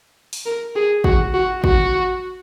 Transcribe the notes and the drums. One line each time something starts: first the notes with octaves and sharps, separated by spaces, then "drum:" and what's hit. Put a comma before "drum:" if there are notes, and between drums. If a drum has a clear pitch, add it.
drum: open hi-hat
A#4
G#4
F#4, drum: kick
F#4
F#4, drum: kick